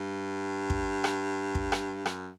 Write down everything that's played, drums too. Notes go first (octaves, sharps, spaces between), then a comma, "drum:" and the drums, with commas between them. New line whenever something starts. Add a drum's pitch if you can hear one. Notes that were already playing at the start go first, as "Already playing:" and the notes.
Already playing: G2
drum: kick
drum: rim click
drum: kick
drum: rim click
F#2, drum: rim click